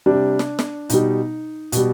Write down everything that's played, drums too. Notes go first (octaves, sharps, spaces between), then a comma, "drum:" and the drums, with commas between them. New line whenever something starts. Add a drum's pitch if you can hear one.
C3 G3 D4
drum: snare
drum: snare
B2 G3 D#4, drum: hi-hat
B2 G3, drum: hi-hat